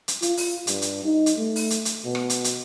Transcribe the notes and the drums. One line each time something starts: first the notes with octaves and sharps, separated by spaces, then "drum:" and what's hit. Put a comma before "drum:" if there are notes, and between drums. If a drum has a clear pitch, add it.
drum: hi-hat
F4, drum: hi-hat
drum: open hi-hat
G2, drum: hi-hat
drum: hi-hat
D#4
drum: hi-hat
A3
drum: open hi-hat
drum: hi-hat
drum: hi-hat
B2
drum: rim click
drum: hi-hat
drum: hi-hat